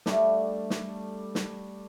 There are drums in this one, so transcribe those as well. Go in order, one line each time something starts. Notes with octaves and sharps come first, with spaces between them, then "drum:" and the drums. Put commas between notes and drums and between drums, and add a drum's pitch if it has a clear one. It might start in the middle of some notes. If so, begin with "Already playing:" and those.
G3 A3 D4, drum: snare
drum: snare
drum: snare